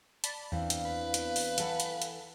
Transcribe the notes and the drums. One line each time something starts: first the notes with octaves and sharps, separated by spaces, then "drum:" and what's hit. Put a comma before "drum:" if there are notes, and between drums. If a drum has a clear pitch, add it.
D5 A5 B5, drum: hi-hat
E2 E3 C4 D4 F5
drum: hi-hat
B4
drum: hi-hat
drum: open hi-hat
E3 A4 F#5, drum: hi-hat
drum: hi-hat
drum: hi-hat